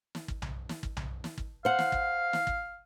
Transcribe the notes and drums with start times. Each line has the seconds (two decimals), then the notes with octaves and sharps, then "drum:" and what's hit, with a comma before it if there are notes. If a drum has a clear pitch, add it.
0.15 drum: snare
0.28 drum: kick
0.42 drum: tom B1
0.69 drum: snare
0.83 drum: kick
0.97 drum: tom B1
1.24 drum: snare
1.38 drum: kick
1.65 C5 F5 F#5
1.79 drum: snare
1.92 drum: kick
2.33 drum: snare
2.47 drum: kick